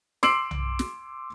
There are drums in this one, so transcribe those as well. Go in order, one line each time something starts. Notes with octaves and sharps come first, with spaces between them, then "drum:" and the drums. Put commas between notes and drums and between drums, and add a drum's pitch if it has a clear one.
C6 D6 E6 C7 D7 F#7, drum: snare
drum: tom B1
drum: snare